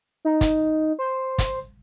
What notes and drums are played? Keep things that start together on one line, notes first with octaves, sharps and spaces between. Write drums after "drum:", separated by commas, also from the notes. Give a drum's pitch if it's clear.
D#4
drum: kick, hi-hat
C5
drum: kick, hi-hat